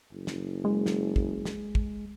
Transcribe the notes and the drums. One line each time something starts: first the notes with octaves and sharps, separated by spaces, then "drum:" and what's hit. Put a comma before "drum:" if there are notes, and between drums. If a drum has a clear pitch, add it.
F#1
drum: snare
G#3
drum: snare
drum: kick
drum: snare
drum: kick